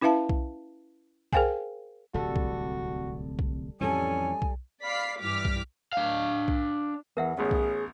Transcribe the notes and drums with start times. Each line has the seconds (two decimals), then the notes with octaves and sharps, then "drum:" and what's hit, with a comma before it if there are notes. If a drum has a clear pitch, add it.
0.01 C#4 E4 B4 E5 F5 A5
0.29 drum: kick B1
1.33 G#4 A#4 C5 F5 G5 G#5, drum: kick B1
2.14 D1 C2 G3 F#4 A4
2.36 drum: kick B1
3.39 drum: kick B1
3.81 F2 A2 E3 G3 C#4 A4 G#5
4.42 drum: kick B1
4.84 D5 F5 B5 B6 C7
5.21 G2 E3 G3 D6 F6 B6
5.45 drum: kick B1
5.93 D4 F5
6.48 drum: kick B1
7.17 E2 E3 A#4 E5 F#5
7.37 A1 B3 C#4 G#4
7.51 drum: kick B1